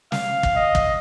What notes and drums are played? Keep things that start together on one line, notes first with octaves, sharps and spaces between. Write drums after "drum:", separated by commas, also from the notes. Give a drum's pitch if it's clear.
F5, drum: snare
drum: kick
D#5
drum: kick